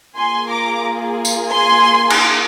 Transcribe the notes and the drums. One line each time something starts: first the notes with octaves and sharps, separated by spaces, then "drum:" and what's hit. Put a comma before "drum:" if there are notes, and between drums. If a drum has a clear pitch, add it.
A#3 F4 G#4 G#5 C6
A#5 D6
drum: tambourine
G#5 C6
drum: cymbal